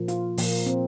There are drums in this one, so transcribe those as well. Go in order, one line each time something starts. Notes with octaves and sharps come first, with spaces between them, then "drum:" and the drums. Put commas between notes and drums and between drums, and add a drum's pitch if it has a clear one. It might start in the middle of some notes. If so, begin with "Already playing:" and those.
Already playing: A#2 F3 A#3
F4, drum: hi-hat
A#2 F3 A#3, drum: open hi-hat
C4